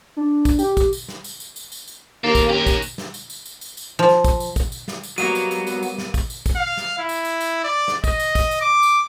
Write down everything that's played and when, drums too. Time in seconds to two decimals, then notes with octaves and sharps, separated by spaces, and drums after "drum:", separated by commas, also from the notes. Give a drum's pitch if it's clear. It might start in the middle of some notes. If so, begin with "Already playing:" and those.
0.17 D4
0.45 drum: kick, tambourine
0.59 G4, drum: tambourine
0.77 drum: kick, tambourine
0.93 drum: tambourine
1.08 drum: snare
1.24 drum: tambourine
1.40 drum: tambourine
1.56 drum: tambourine
1.72 drum: tambourine
1.87 drum: tambourine
2.24 D#2 A#3 A4 F5
2.35 drum: kick, tambourine
2.49 C#4 G4 A#4
2.66 drum: kick, tambourine
2.82 drum: tambourine
2.98 drum: snare
3.14 drum: tambourine
3.30 drum: tambourine
3.45 drum: tambourine
3.61 drum: tambourine
3.77 drum: tambourine
3.99 F3
4.09 drum: snare
4.24 drum: kick, tambourine
4.40 drum: tambourine
4.56 drum: kick, tambourine
4.72 drum: tambourine
4.88 drum: snare
5.03 drum: tambourine
5.18 F#3 G3 A#3 B3 D#5 D#7, drum: tambourine
5.35 drum: tambourine
5.51 drum: tambourine
5.67 drum: tambourine
5.83 drum: tambourine
5.98 drum: snare
6.14 drum: kick, tambourine
6.30 drum: tambourine
6.46 drum: kick, tambourine
6.56 F5
6.77 drum: snare
6.99 E4
7.09 drum: tambourine
7.25 drum: tambourine
7.41 drum: tambourine
7.64 D5
7.88 drum: snare
8.04 D#5, drum: kick, tambourine
8.20 drum: tambourine
8.35 drum: kick, tambourine
8.51 drum: tambourine
8.61 D6
8.83 drum: tambourine